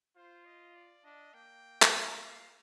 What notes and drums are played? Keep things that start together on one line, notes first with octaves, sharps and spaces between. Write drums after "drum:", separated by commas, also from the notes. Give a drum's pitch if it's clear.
F4 C5
D#5
D5
D4 D#5
A#3 G5
drum: clap
F5
A#3 F5